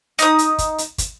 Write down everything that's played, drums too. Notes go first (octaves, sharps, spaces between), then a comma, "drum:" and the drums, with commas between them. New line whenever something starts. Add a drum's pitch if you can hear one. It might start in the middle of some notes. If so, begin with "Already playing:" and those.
D#4 D#6, drum: hi-hat
drum: hi-hat
drum: kick, hi-hat
drum: hi-hat
drum: kick, hi-hat